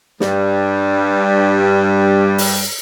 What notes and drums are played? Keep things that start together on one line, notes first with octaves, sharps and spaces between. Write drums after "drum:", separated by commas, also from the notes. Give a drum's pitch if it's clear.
G2 G3, drum: snare
drum: open hi-hat